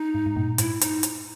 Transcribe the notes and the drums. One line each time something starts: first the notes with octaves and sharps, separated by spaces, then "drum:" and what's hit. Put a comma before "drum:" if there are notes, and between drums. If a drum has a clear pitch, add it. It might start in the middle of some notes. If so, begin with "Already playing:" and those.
Already playing: D#4
G#2
G#2
G2 A#2
G#2 E4, drum: hi-hat
D#4, drum: hi-hat
drum: hi-hat